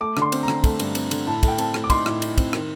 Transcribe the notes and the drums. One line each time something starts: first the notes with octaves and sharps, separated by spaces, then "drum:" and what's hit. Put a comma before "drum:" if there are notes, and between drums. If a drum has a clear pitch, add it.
A3 D6
D3, drum: rim click
C6
C4, drum: cymbal
A#5
D3, drum: rim click
A3, drum: kick, cymbal
G2, drum: cymbal
C4, drum: cymbal
D3, drum: cymbal
A2 A5
A3, drum: kick, cymbal
G5
C4 A5, drum: cymbal
A3, drum: rim click
D6
D#4 C6, drum: kick, cymbal
A2, drum: rim click
D#4, drum: cymbal
C4, drum: kick, cymbal
D#3, drum: rim click